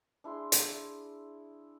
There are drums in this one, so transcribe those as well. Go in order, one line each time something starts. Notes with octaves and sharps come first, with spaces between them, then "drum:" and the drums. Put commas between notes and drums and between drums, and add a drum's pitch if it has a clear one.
D4 E4 G#4 C6
drum: hi-hat